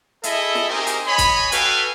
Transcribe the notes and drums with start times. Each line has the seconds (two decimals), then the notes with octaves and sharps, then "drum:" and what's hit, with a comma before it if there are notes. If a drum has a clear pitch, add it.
0.24 E4 G#4 A4 D#5 E5, drum: hi-hat
0.55 drum: snare
0.69 C4 D#4 G4 G#4 A#4 D#5
0.87 drum: hi-hat
1.06 C#5 D#5 G#5 B5
1.18 drum: kick, hi-hat
1.52 F#4 A4 B4 F5 G5 G#5, drum: hi-hat